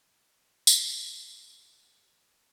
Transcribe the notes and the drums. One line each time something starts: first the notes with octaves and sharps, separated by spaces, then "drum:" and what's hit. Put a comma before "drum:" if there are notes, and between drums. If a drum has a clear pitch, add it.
D#2 A3 F#4, drum: tambourine